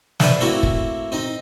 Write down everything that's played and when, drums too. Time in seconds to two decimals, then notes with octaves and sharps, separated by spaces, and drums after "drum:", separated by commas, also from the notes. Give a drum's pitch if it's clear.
0.20 B4 C5 D5 E5 F#5, drum: snare
0.41 A3 A#3 C4 E4 F#4
0.63 drum: kick
1.12 C4 D#4